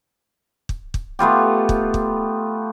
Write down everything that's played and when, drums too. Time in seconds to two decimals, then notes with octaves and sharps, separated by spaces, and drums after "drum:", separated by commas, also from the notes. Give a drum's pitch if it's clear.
0.69 drum: kick
0.94 drum: kick
1.19 A3 B3 F4 G4
1.69 drum: kick
1.94 drum: kick